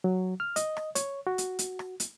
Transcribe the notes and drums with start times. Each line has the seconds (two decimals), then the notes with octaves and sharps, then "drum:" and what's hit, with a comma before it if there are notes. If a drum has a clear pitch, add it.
0.04 F#3
0.40 F6
0.56 D#5, drum: hi-hat
0.77 drum: rim click
0.95 C#5, drum: hi-hat
1.27 F#4
1.38 drum: hi-hat
1.59 drum: hi-hat
1.79 drum: rim click
2.00 drum: hi-hat